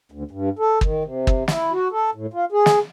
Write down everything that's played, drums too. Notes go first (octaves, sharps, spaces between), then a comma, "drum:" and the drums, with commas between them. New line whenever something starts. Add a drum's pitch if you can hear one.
D2
G2
A4
D#3, drum: kick
C3
drum: kick
E4, drum: snare
F#4
A4
A2
F4
G#4
drum: snare